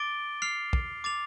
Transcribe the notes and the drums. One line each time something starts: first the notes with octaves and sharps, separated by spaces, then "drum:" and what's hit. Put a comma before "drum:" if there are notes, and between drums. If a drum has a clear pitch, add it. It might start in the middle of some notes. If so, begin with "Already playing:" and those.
Already playing: D6 A6 D7 G7
F6 C7 F7
drum: kick
D6 A6 F7